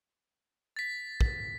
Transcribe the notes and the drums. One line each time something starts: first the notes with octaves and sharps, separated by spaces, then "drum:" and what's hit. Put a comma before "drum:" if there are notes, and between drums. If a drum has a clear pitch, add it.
A6 B6
drum: kick